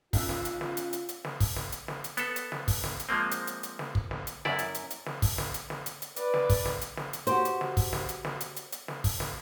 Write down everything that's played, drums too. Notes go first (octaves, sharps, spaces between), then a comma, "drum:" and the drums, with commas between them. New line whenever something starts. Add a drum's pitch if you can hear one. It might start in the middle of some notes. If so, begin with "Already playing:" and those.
B1 C#3 F4 E6, drum: kick, open hi-hat
drum: snare
drum: hi-hat
drum: snare
drum: hi-hat
drum: hi-hat
drum: hi-hat
drum: snare
drum: kick, open hi-hat
drum: snare
drum: hi-hat
drum: snare
drum: hi-hat
B3 A4, drum: hi-hat
drum: hi-hat
drum: snare
drum: kick, open hi-hat
drum: snare
drum: hi-hat
F3 G#3 A#3 C4
drum: hi-hat
drum: hi-hat
drum: hi-hat
drum: snare
drum: kick
drum: snare
drum: hi-hat
F#2 E4 D5, drum: snare
drum: hi-hat
drum: hi-hat
drum: hi-hat
drum: snare
drum: kick, open hi-hat
drum: snare
drum: hi-hat
drum: snare
drum: hi-hat
drum: hi-hat
B4 D5, drum: hi-hat
drum: snare
drum: kick, open hi-hat
drum: snare
drum: hi-hat
drum: snare
drum: hi-hat
F#4 G4 C5, drum: hi-hat
drum: hi-hat
drum: snare
drum: kick, open hi-hat
drum: snare
drum: hi-hat
drum: snare
drum: hi-hat
drum: hi-hat
drum: hi-hat
drum: snare
drum: kick, open hi-hat
drum: snare